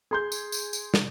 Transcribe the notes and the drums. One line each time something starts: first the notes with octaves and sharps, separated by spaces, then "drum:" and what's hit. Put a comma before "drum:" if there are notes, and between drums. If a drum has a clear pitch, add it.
G#4 C6 G6
drum: tambourine
drum: tambourine
drum: tambourine
drum: snare